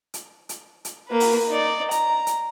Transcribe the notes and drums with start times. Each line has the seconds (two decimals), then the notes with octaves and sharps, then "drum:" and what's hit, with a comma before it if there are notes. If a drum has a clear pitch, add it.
0.14 drum: hi-hat
0.49 drum: hi-hat
0.85 drum: hi-hat
1.08 A#3 B4
1.20 drum: open hi-hat
1.48 D#4 D5
1.91 A#5, drum: hi-hat
2.27 drum: hi-hat